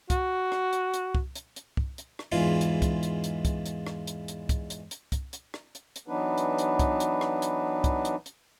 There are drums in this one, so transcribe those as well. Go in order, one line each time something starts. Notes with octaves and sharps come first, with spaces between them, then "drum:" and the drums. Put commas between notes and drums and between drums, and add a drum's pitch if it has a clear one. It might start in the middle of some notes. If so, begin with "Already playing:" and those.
F#4, drum: kick, hi-hat
drum: rim click
drum: hi-hat
drum: hi-hat
drum: kick
drum: hi-hat
drum: hi-hat
drum: kick
drum: hi-hat
drum: rim click
E2 G#2 E3 G#3 F4 C6
drum: hi-hat
drum: kick, hi-hat
drum: hi-hat
drum: hi-hat
drum: kick, hi-hat
drum: hi-hat
drum: rim click
drum: hi-hat
drum: hi-hat
drum: kick, hi-hat
drum: hi-hat
drum: hi-hat
drum: kick, hi-hat
drum: hi-hat
drum: rim click
drum: hi-hat
drum: hi-hat
E3 F#3 B3 D4 D#4 B4
drum: hi-hat
drum: hi-hat
drum: kick, hi-hat
drum: hi-hat
drum: rim click
drum: hi-hat
drum: kick, hi-hat
drum: hi-hat
drum: hi-hat